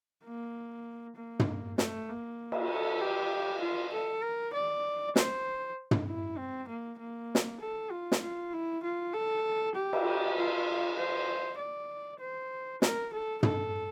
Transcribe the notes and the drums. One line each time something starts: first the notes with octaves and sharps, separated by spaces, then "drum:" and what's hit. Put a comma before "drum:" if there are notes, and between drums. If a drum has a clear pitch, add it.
A#3
A#3
drum: tom
A3, drum: snare
A#3
drum: cymbal
A4
G4
F4
A4
A#4
D5
C5, drum: snare
drum: tom
E4
C4
A#3
A#3
drum: snare
A4
F4
drum: snare
F4
E4
F4
A4
G4
drum: cymbal
F4
C5
D5
C5
A#4, drum: snare
A4
A4, drum: tom